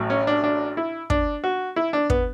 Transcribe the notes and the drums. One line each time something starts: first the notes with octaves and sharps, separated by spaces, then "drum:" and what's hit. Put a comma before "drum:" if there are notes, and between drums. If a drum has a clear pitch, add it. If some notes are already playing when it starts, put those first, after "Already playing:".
Already playing: A1 A2 F#3
C#4
D4
D4
E4
D4, drum: kick
F#4
E4
D4
B3, drum: kick